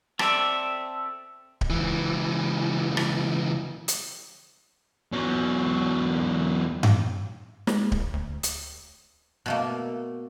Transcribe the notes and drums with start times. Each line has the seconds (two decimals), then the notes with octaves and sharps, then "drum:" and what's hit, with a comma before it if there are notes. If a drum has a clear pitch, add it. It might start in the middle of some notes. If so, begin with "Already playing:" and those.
0.19 C4 A4 D5 E5, drum: rim click
1.61 drum: kick D1
1.70 C#2 E3
2.97 drum: rim click
3.88 drum: hi-hat
5.12 E2 F#3
6.83 drum: tom G2
7.67 G#3, drum: snare
7.92 drum: kick D1
8.13 D2
8.43 drum: hi-hat
9.46 B2 A3 A#3